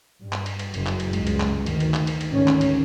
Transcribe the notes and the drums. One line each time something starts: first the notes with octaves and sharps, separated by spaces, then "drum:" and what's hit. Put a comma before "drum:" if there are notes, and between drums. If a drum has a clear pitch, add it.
G2
drum: clap
drum: cymbal
drum: cymbal
F#1 F#2, drum: cymbal
drum: clap
drum: cymbal
C#2 G2 G#3, drum: cymbal
drum: cymbal
drum: clap
D2 D#3, drum: cymbal
drum: cymbal
drum: clap
drum: cymbal
drum: cymbal
G#1 D2 D#3 C#4
drum: clap
drum: cymbal